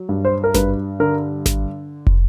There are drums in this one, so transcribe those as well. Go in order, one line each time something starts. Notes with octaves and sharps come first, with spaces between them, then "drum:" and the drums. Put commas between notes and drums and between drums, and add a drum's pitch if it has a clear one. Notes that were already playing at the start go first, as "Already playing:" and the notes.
Already playing: F#3
G2
C5
A#4
G2 B4, drum: snare G#1
D3 A#4
drum: snare G#1
drum: kick